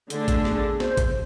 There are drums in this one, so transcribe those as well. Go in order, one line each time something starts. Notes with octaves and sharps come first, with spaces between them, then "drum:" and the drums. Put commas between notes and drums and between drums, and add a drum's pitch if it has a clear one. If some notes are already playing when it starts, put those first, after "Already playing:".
D3 A3 D4 G#4, drum: hi-hat
drum: kick A1, hi-hat
drum: snare
C5, drum: snare
drum: kick A1, hi-hat